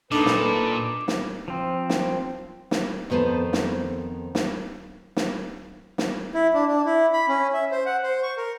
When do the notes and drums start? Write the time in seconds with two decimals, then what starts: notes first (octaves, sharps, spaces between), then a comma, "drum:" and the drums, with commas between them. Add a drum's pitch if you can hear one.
0.12 A#2 D4 D#4 A4 B4 D6
0.26 drum: snare
1.08 drum: snare
1.48 F3 C4
1.90 drum: snare
2.71 drum: snare
3.10 F2 D#3 B3 A4 C5
3.53 drum: snare
4.35 drum: snare
5.16 drum: snare
5.98 drum: snare
6.34 E4
6.54 D4
6.68 D4
6.85 E4
7.13 B5
7.28 C#4
7.54 E5
7.72 C5
7.86 F#5
8.04 C5
8.23 C#6
8.37 A#4